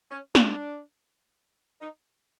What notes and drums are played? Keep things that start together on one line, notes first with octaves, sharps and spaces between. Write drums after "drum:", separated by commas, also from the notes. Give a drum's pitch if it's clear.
C#4
D4, drum: snare
D#4